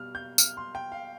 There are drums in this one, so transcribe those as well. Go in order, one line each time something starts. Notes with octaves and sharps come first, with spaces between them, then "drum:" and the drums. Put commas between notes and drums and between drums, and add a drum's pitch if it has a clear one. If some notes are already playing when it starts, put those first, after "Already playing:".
Already playing: B2 G3 F6
G6
F6, drum: tambourine
C6
G5
F5